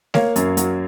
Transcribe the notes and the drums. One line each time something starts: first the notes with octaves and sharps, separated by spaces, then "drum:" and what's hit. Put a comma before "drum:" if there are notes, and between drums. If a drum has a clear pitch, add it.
A#3 C#5 F5, drum: snare A3
F#2, drum: hi-hat
F#3, drum: hi-hat